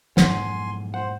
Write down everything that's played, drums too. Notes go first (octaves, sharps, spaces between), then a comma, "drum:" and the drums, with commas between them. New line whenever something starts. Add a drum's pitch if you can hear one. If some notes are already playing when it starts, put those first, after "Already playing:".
F2 G#2 B2 F#3 F#5 G#5 C6, drum: snare
C5 F#5